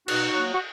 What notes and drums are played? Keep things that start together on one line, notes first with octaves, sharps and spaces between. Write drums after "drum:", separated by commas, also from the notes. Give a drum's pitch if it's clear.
B2 D#4 F#4, drum: cymbal
F#3 A#3
F#4